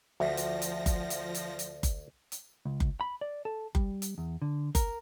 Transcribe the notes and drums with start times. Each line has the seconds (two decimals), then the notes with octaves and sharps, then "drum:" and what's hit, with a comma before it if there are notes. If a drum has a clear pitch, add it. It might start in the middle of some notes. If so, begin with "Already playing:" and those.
0.20 D2 F3 F#4 E5 A#6
0.37 drum: hi-hat
0.62 drum: hi-hat
0.86 drum: kick F#1, hi-hat
1.10 drum: hi-hat
1.35 drum: hi-hat
1.59 drum: hi-hat
1.83 drum: kick F#1, hi-hat
2.32 drum: hi-hat
2.66 C#2
2.80 drum: kick F#1
3.01 B5
3.21 D5
3.45 A4
3.75 G3, drum: kick F#1
4.02 drum: hi-hat
4.18 E2
4.42 D3
4.75 A#4, drum: kick F#1, hi-hat